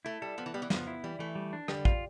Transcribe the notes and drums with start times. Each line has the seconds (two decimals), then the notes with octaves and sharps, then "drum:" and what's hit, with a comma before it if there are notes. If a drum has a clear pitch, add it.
0.05 A3 E4
0.22 G3 A4
0.38 F3 B3
0.46 E3
0.54 G3 B3
0.62 E3
0.70 F3 B3, drum: snare
0.87 E4
1.04 E3 G3
1.19 E3 A3
1.35 G3
1.53 D4
1.68 D3 G3, drum: rim click
1.85 F4, drum: kick